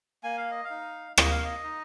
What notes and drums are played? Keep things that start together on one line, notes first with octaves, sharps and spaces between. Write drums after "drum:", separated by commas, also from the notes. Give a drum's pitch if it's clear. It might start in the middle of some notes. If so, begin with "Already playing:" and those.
A#3 G#5
F5
D#5
F5
D#4
A#3 D#5, drum: rim click
F5
D#5
D#4